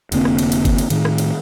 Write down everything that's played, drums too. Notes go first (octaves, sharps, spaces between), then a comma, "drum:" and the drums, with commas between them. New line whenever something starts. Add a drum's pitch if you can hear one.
F1 D3 A#3 C4, drum: cymbal
drum: rim click
drum: cymbal
drum: cymbal
drum: kick G1, cymbal
drum: cymbal
A2 D#3, drum: cymbal
drum: rim click
drum: cymbal